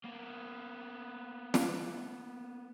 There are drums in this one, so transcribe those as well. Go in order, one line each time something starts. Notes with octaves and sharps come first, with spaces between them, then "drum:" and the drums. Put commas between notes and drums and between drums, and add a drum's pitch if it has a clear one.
A#3 B3
drum: snare